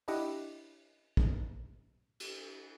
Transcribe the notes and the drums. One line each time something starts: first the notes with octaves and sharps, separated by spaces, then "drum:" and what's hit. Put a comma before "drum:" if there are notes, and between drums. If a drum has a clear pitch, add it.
D4 E4 G4 D#5 F#5 D6, drum: open hi-hat
drum: kick
drum: cymbal